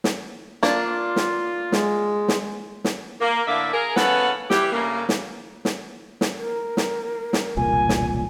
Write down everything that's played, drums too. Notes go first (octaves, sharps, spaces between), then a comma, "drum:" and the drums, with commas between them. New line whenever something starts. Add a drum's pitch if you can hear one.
drum: snare
A#3 D4 F4, drum: snare
drum: snare
G#3, drum: snare
drum: snare
drum: snare
A#3
A2 D3 A#3 D5 E5
G#4 A#4
C#3 B3 C#4 A4 B4 F#5, drum: snare
E3 G3 E4 G4, drum: snare
G2 C#3 A3 A#3
drum: snare
drum: snare
drum: snare
A#4
drum: snare
drum: snare
E1 C2 A#2 G#5
drum: snare